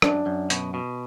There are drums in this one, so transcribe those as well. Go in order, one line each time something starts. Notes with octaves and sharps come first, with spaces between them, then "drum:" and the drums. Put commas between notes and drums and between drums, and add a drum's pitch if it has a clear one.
F#2 D4, drum: rim click
F#2
B2, drum: hi-hat
B2